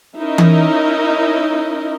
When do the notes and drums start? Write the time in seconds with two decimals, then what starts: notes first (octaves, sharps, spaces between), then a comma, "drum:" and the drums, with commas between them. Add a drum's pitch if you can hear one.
0.19 C#4 D#4 E4 A#4 D#5
0.38 drum: tom E3